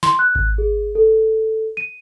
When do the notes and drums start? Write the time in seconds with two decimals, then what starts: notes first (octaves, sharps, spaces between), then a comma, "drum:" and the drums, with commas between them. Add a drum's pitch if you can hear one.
0.03 C6, drum: snare
0.19 F#6
0.35 drum: kick G#1
0.58 G#4
0.95 A4
1.77 D#7